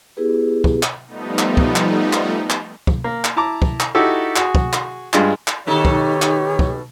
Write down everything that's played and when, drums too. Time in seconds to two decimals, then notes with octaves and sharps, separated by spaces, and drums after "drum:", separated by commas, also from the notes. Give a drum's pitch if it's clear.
0.17 B3 E4 G4 G#4 B4
0.64 drum: kick
0.83 drum: clap
1.06 F3 G3 A3 B3 D#4
1.39 drum: clap
1.57 drum: kick
1.76 drum: clap
2.13 drum: clap
2.50 drum: clap
2.87 drum: kick
3.04 A#3
3.25 drum: clap
3.36 E4 A5 A#5 D6
3.62 drum: kick
3.80 drum: clap
3.95 D#4 E4 F#4 G4 A4
4.36 F#4 G#4, drum: clap
4.55 drum: kick
4.73 drum: clap
5.13 G2 G#3 F4, drum: clap
5.48 drum: clap
5.67 B2 D#3 D#4 G4 A4 C#5
5.85 drum: kick
6.22 drum: clap
6.59 drum: kick